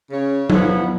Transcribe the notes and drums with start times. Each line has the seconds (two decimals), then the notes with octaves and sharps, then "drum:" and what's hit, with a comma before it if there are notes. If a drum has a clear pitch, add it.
0.11 C#3 C#5
0.50 F3 B3, drum: tom F#3